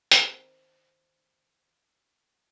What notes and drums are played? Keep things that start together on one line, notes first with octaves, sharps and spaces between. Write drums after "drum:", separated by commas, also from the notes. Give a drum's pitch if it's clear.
D#3 C4 A#4, drum: hi-hat